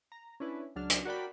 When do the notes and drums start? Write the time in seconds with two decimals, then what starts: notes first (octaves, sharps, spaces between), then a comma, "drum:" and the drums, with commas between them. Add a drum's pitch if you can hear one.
0.12 A#5
0.40 C#4 D4 E4 B4
0.76 C#2 F#3 D4 F6
0.90 drum: hi-hat
1.05 F#4 A#4 D5 G5 B5